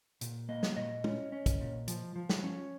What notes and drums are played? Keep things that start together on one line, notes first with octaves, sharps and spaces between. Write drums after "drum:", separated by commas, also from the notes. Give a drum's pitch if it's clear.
A#2, drum: hi-hat
A#3 D#5
drum: snare
A#2 D#5
C#4, drum: tom
C#4
drum: kick, hi-hat
A#2
F3, drum: hi-hat
F3
drum: snare
C#4